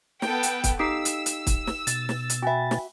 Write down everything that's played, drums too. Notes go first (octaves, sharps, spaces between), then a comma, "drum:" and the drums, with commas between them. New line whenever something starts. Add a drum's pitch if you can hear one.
B3 A4 G5, drum: snare
drum: hi-hat
drum: kick, hi-hat
D#4 G4 F5 E6 B6 C7 D7
drum: hi-hat
drum: hi-hat
drum: kick, hi-hat
drum: snare
B2 A6, drum: hi-hat
drum: snare
drum: hi-hat
F#4 E5 G5 G#5 B5
drum: snare